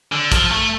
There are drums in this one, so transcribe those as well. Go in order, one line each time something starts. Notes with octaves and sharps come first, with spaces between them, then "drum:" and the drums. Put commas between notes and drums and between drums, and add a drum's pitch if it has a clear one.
D3
F3, drum: kick, hi-hat
A3